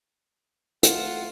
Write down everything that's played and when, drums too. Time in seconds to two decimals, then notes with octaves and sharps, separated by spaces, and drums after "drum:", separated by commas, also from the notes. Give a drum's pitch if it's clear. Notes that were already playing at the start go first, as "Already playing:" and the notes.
0.83 A3 F4 F#5, drum: hi-hat